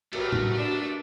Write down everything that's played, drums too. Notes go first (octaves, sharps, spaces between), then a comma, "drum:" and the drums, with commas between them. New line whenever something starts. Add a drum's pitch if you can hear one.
A3 F#4 G4 A#4 B4, drum: cymbal
drum: tom A2
D4